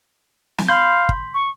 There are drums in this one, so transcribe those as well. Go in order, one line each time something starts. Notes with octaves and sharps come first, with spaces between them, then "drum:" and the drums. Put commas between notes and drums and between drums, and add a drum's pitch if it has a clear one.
drum: snare
F5 B5 C6 G6
drum: kick
C#6